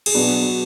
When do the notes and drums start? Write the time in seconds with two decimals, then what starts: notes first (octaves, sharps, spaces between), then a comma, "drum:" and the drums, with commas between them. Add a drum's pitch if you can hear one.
0.06 G#4, drum: cymbal
0.14 B2 F#3 B3 D4 F#4